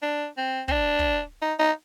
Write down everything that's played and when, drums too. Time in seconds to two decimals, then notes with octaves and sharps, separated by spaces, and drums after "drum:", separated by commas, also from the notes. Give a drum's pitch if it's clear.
0.02 D4
0.37 C4
0.68 C4, drum: kick
0.72 D4
0.99 drum: kick
1.42 D#4
1.59 D#4